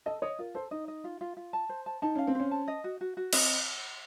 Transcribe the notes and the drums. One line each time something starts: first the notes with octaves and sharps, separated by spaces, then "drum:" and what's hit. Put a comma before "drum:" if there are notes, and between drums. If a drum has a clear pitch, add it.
A4 D#5
C#5 D#5
F4 A#4
A4 C5
D#4 D#5
D#5
F4
F4
F4
A5
C5
A5
D#4 A5
C#4 F5
C4
C#4 C5
A5
D#5
F#4
F#4
F#4
C4 D#5, drum: cymbal